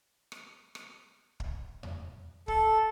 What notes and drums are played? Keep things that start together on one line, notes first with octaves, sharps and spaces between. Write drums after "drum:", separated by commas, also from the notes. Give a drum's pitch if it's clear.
drum: rim click
drum: rim click
drum: kick
drum: tom E2
A4, drum: kick